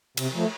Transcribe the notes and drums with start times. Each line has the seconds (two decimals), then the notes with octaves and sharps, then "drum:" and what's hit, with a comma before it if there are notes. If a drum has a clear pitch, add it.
0.17 C3, drum: cymbal
0.34 F3 A3